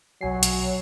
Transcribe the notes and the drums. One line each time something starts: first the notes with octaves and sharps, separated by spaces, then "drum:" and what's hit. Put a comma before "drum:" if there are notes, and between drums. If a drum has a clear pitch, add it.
B1 F#3 G#5 C7
drum: hi-hat